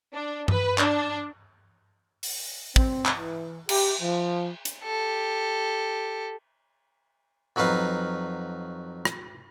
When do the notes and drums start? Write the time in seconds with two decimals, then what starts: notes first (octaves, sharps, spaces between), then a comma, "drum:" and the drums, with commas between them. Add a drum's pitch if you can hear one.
0.14 D4
0.48 B4, drum: tom G2
0.78 D4, drum: clap
2.23 drum: open hi-hat
2.76 C4, drum: kick
3.05 drum: clap
3.17 E3
3.69 G4, drum: cymbal
4.01 F3
4.65 drum: hi-hat
4.84 G4 A4
7.56 F2 F#3 D#4 B4 F5
9.05 drum: rim click